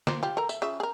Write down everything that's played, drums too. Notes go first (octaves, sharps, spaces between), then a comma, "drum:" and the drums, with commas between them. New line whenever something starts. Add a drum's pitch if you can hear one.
A#3 F4 C5, drum: snare
F4 G4
A4 A#4 A#5
E5, drum: tambourine
C#3 F4 E5
G#4 A#4